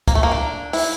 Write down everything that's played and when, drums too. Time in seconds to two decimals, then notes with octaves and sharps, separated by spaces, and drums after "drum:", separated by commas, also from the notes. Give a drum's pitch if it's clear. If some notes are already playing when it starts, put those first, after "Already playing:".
0.08 A#3, drum: kick C#2, hi-hat
0.15 A3
0.23 A#3
0.32 D4
0.73 E4, drum: open hi-hat